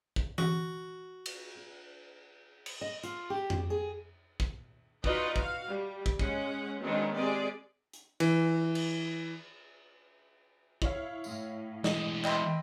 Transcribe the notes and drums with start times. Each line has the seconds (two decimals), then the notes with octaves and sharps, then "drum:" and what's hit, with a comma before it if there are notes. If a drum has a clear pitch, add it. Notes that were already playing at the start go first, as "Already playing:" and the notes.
0.16 drum: kick
0.38 F#4, drum: tom E3
1.26 drum: cymbal
2.66 drum: cymbal
2.81 D#5
3.03 F4, drum: hi-hat
3.30 G4
3.50 drum: tom F2
3.70 G#4
4.40 drum: kick
5.04 D#4 F4 F#4 B4 D5 D#5, drum: kick
5.36 F#4 F5, drum: kick
5.67 G3
6.06 drum: kick
6.19 G#3 C#4 F#5, drum: kick
6.83 D#3 F#3 G#3 B3 C4 D4
7.16 G#3 C4 G4 G#4 D5
7.93 drum: hi-hat
8.20 E3, drum: cymbal
8.75 drum: cymbal
10.82 E4 C#5 F5, drum: kick
11.24 A2, drum: tambourine
11.84 E3 G#3 D#5, drum: snare
12.24 D#5 E5 G5 B5 C6, drum: clap